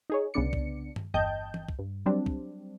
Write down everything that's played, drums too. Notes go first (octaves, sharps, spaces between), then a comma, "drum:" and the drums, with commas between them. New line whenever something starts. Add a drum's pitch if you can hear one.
D#4 G#4 C#5
C2 C#3 B3 D4 D5 C#7
drum: kick
drum: tom G2
G1 E2 D#5 G5 A5 G6
drum: tom E3
drum: kick
G2
F#3 G3 C4 D4
drum: kick